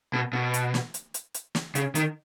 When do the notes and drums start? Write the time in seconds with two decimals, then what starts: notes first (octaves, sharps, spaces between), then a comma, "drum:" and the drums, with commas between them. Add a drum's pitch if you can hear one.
0.14 B2
0.33 B2
0.54 drum: hi-hat
0.74 drum: snare
0.94 drum: hi-hat
1.14 drum: hi-hat
1.34 drum: hi-hat
1.55 drum: snare
1.75 C#3, drum: hi-hat
1.95 D#3, drum: hi-hat